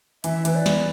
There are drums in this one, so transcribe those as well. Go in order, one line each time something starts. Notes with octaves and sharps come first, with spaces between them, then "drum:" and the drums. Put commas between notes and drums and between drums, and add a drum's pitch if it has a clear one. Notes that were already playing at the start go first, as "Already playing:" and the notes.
E3 E5, drum: hi-hat
E3 B4, drum: hi-hat
D5
B3, drum: snare